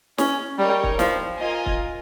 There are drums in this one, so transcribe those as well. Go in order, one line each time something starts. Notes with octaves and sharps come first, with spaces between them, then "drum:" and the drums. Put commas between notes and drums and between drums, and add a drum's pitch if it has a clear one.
C#4, drum: snare
G3 D#4 A#4 C#5 G5
drum: kick
F3, drum: snare
F4 A#4 D#5 G#5
drum: kick